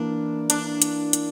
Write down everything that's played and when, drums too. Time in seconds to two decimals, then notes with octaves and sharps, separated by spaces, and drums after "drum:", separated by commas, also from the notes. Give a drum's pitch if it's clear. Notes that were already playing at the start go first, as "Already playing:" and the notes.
Already playing: E3 A#3 D4 E4
0.50 D4, drum: hi-hat
0.82 drum: hi-hat
1.13 drum: hi-hat